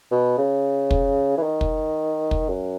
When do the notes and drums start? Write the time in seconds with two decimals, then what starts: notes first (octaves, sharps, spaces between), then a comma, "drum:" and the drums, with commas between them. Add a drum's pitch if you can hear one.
0.11 B2
0.38 C#3
0.91 drum: kick
1.38 E3
1.43 D#3
1.61 drum: kick
2.31 drum: kick
2.49 F#2